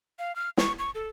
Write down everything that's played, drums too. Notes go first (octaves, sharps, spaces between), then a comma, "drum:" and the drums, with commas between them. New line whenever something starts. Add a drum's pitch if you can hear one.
F5
F6
C#6, drum: snare
C#6
A4